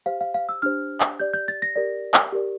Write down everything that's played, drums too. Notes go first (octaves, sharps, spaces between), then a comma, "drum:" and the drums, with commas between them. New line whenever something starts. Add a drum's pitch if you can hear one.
G4 C5 F5
F5
F5
E6
D4 G4 C5 F6
drum: clap
G4 D5 G6
G6
A6
A#6
G4 A#4 D5
drum: clap
G4 A#4 D5